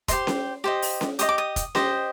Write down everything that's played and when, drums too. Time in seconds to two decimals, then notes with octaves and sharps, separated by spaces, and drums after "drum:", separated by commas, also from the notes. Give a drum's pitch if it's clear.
0.08 G4 C5 D#5 C6, drum: kick F1, hi-hat
0.27 drum: snare C#4
0.64 G4 C5 D#5
0.82 drum: open hi-hat
1.01 drum: snare C#4
1.19 G4 C5 D#5 D#6, drum: hi-hat
1.29 D6
1.38 D#6
1.56 drum: kick F1, hi-hat
1.75 G4 C5 D#5, drum: snare C#4